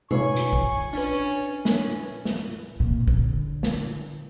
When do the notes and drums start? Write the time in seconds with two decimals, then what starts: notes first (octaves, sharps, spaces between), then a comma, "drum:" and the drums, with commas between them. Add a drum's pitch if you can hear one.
0.11 F4 B4 C#5 G#5 C#6, drum: tom B2
0.36 drum: hi-hat
0.53 drum: kick
0.93 C#4 D4 B4, drum: open hi-hat
1.65 C#4, drum: snare
2.25 drum: snare
2.80 A#2
3.08 D3, drum: kick
3.63 drum: snare